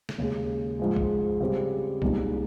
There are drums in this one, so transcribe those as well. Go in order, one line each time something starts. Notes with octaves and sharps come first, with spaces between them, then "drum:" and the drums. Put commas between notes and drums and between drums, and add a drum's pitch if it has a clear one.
drum: snare
D#2 C#3 G#3
G#2 F3 G#3
drum: kick B1
C#3 G3 C4
C2 A#2 G#3 D#4, drum: kick B1